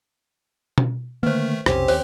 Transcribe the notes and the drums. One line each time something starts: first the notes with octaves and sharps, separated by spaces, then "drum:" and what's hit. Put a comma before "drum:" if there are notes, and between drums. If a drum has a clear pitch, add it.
drum: tom B2
D3 D#3 A3 A#3 B4 C5
B1 F2 C3 C4 C#4 G4, drum: rim click
D#2 C5 C#5, drum: open hi-hat